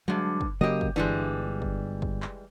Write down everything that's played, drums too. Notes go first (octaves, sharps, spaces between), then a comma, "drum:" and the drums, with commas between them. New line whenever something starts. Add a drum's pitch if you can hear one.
G2 D3 F#3 G#3
drum: kick
C#3 F#3 A#3 G4 D#5
drum: kick
G1 E3 G3 G#3 D4
drum: kick
drum: kick
drum: clap